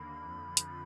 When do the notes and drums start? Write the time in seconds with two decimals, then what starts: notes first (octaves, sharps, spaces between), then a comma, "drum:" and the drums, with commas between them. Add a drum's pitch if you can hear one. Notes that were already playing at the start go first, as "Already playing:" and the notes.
Already playing: D#2 D3 A#3 B5
0.24 F2 D3 F3
0.57 drum: hi-hat